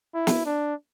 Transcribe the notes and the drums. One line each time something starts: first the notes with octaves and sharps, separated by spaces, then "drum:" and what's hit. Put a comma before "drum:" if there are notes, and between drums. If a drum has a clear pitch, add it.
E4
drum: snare
D4